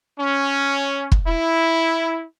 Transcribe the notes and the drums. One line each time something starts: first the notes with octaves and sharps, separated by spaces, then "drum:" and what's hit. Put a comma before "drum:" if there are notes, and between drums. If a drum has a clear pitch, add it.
C#4
drum: kick
E4